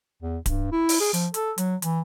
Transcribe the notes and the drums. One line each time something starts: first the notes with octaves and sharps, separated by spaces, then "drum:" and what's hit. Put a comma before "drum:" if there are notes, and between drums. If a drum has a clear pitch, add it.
E2
G2, drum: kick D1, hi-hat
E4
drum: open hi-hat
G#4
F3, drum: hi-hat
A4, drum: hi-hat
F#3, drum: hi-hat
E3, drum: hi-hat